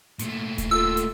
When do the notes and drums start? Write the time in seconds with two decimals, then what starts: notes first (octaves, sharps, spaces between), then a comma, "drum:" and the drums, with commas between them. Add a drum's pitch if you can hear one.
0.19 A#2 A3, drum: hi-hat
0.58 drum: kick D#1, hi-hat
0.71 F4 A4 E6
0.97 drum: hi-hat